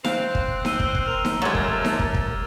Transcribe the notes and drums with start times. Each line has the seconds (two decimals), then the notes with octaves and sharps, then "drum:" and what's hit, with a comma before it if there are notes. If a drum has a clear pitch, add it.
0.04 C4 F5 F#6, drum: snare D#4
0.35 drum: kick
0.65 E6 D#7 G7, drum: snare D#4
0.80 drum: kick
0.95 drum: kick
1.06 A#4 F6 F7
1.25 drum: snare D#4
1.42 C3 F3 F#3 G#3 A3 D6 G#6 A6
1.55 drum: kick
1.84 drum: snare D#4
1.99 drum: kick
2.14 drum: kick